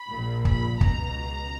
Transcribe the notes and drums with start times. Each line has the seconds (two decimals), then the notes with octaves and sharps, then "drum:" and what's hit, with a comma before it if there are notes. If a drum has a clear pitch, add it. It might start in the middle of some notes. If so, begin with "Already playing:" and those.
Already playing: B5
0.10 A#1 A#2
0.45 B5, drum: kick
0.81 C#2 B2 A#5, drum: kick